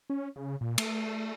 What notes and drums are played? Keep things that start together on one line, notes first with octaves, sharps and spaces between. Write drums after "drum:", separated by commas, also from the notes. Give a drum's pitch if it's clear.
C#4
C#3
A#2
A3, drum: cymbal